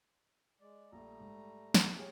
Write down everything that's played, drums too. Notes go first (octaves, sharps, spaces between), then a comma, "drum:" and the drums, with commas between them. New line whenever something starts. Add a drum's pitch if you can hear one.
G#3 D5
A#1 G3 A3 A#5
G#2
drum: snare
E3 G4 G#4 C#5 F5